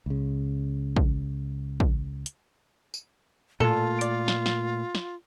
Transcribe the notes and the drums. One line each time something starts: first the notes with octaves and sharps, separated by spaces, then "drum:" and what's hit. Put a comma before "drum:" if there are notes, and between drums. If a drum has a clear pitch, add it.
C#2 C#3
drum: kick
drum: kick
drum: hi-hat
drum: tambourine
A#2 A3 F4 A4, drum: tom A2
D5, drum: hi-hat
drum: snare
drum: snare
drum: snare